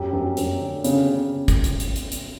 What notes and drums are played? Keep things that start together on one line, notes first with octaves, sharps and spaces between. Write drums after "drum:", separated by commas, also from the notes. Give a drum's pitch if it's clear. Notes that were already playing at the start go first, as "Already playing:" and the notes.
Already playing: F#2 G4
F#2
F#2, drum: hi-hat
D3
C#3, drum: hi-hat
C#3
drum: kick, hi-hat
drum: hi-hat
drum: hi-hat
drum: hi-hat
drum: hi-hat